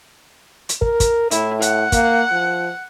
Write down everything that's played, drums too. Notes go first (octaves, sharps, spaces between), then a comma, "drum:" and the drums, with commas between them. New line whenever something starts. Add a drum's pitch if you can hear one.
drum: hi-hat
A#4, drum: kick
drum: kick, hi-hat
A2 E4, drum: hi-hat
F#5, drum: hi-hat
A#3, drum: kick, hi-hat
F3